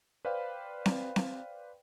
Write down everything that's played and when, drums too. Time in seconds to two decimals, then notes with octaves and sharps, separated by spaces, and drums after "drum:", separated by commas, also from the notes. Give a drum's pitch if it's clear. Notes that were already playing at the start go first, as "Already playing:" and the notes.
0.25 B4 C5 D5 F5 G5 B5
0.86 drum: snare C4
1.16 drum: snare C4